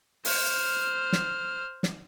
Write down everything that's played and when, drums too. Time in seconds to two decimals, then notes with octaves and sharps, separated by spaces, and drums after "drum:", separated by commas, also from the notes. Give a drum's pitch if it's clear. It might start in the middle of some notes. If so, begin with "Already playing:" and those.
0.25 C5 F6, drum: open hi-hat
1.13 drum: snare
1.83 drum: snare